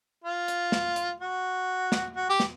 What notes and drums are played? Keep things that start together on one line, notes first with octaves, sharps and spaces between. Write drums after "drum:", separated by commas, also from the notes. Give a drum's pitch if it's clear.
F4
drum: hi-hat
drum: snare
drum: hi-hat
F#4
drum: snare
F#4
G4
drum: snare